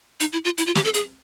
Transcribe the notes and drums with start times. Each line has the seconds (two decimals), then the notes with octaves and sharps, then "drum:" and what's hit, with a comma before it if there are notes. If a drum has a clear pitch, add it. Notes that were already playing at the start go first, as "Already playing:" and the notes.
0.20 D#4, drum: hi-hat
0.33 E4
0.45 F4
0.58 E4, drum: hi-hat
0.66 F4
0.75 G4, drum: snare
0.85 A4
0.94 G#4, drum: hi-hat